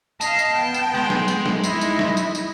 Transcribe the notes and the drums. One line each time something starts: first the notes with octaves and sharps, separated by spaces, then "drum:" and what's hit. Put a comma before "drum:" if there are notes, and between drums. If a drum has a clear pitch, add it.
D#5 F5 A5, drum: tambourine
drum: tambourine
B3 G5
drum: tambourine
G#3
drum: snare
drum: tambourine
drum: snare
D#4 E4, drum: tambourine
drum: tambourine
drum: snare
drum: tambourine
drum: tambourine